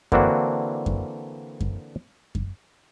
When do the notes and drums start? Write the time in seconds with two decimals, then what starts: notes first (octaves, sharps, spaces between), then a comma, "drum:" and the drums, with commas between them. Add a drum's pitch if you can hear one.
0.12 D3 E3 A#3 C4 D4 F#4, drum: kick F#2
0.86 drum: kick F#2
1.61 drum: kick F#2
2.35 drum: kick F#2